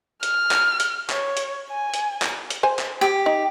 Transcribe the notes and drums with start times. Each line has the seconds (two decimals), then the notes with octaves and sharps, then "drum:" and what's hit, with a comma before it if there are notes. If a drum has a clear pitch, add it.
0.23 F6, drum: hi-hat
0.51 drum: clap
0.80 drum: hi-hat
1.10 C#5, drum: clap
1.37 drum: hi-hat
1.71 G#5
1.94 drum: hi-hat
2.22 drum: clap
2.50 drum: hi-hat
2.63 C5 G#5
2.79 drum: clap
3.01 G4
3.26 D#4